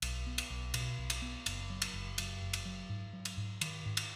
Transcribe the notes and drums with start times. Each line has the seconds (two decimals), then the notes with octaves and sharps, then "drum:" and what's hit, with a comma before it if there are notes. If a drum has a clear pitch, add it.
0.02 B1, drum: cymbal
0.27 B3
0.38 drum: cymbal
0.50 B1
0.74 B2, drum: cymbal
0.98 B1
1.10 drum: cymbal
1.22 B3
1.46 F#1, drum: cymbal
1.70 F#3
1.82 drum: cymbal
1.94 F#1
2.18 F#2, drum: cymbal
2.42 F#1
2.53 drum: cymbal
2.66 F#3
2.89 G#2
3.13 F#3
3.25 drum: cymbal
3.37 G#2
3.61 D#3, drum: cymbal
3.86 G#2
3.97 drum: cymbal